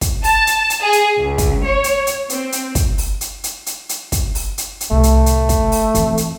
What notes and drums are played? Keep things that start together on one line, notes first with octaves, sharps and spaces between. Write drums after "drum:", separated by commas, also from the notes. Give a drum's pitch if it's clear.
drum: kick, hi-hat
A5, drum: open hi-hat
drum: hi-hat
drum: hi-hat
G#4
drum: hi-hat
C#2
drum: kick, hi-hat
C#5
drum: hi-hat
drum: hi-hat
C4, drum: hi-hat
drum: hi-hat
drum: kick, hi-hat
drum: open hi-hat
drum: hi-hat
drum: hi-hat
drum: hi-hat
drum: hi-hat
drum: kick, hi-hat
drum: open hi-hat
drum: hi-hat
drum: hi-hat
C2 A2 A3
drum: hi-hat
drum: hi-hat
drum: kick, hi-hat
drum: open hi-hat
F2 E3, drum: hi-hat
drum: hi-hat